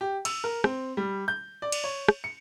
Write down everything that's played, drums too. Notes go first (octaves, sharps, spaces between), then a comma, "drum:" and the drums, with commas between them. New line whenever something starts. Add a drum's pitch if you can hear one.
G4
E6, drum: cymbal
A#4
C4, drum: rim click
G3
G6
D5
drum: cymbal
C#5
drum: rim click
C#7